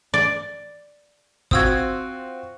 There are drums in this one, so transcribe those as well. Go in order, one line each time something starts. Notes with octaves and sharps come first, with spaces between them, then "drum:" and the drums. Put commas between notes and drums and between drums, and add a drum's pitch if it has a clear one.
D5
C4 F4 F#4 D#6 E6 G#6, drum: kick